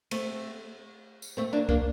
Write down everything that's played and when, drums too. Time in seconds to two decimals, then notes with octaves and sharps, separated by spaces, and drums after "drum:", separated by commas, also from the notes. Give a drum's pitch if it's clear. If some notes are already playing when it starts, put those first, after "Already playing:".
0.11 A3 C4, drum: cymbal
1.22 drum: tambourine
1.37 A3 C4
1.53 A#3 D4
1.69 A#3 D4, drum: kick C#2